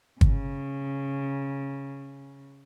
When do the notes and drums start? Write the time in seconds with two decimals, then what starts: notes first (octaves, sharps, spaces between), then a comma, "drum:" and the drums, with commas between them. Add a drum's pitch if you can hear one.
0.21 C#3, drum: kick